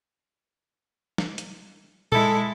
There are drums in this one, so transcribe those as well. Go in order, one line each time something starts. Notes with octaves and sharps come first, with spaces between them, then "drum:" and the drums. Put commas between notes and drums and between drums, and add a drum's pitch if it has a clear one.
drum: snare
drum: hi-hat
G#3 E4 A4, drum: tom A#2